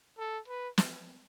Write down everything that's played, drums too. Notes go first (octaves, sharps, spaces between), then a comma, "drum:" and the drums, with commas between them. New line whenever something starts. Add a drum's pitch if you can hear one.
A4
B4
drum: snare